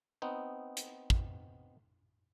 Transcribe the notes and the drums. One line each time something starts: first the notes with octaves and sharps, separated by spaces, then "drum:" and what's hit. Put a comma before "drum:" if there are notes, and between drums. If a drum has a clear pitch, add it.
B3 C4 D#4
drum: hi-hat
drum: kick